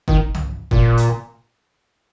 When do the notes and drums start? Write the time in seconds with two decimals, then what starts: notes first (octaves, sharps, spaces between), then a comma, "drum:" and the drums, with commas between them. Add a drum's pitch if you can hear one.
0.08 D#3, drum: kick
0.34 drum: tom C2
0.71 A#2, drum: kick
0.97 drum: hi-hat